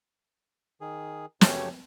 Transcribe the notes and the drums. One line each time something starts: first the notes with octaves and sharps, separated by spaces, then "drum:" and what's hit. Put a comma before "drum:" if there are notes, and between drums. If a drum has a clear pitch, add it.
D#3 G#4
F#2 C#3 A3 G4 C#5, drum: snare